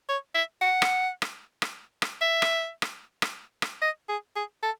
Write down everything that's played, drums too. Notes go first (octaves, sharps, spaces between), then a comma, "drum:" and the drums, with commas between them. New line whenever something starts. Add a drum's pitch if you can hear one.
C#5
E5
F#5
drum: rim click
drum: rim click
drum: rim click
drum: rim click
E5
drum: rim click
drum: rim click
drum: rim click
drum: rim click
D#5
G#4
G#4
A4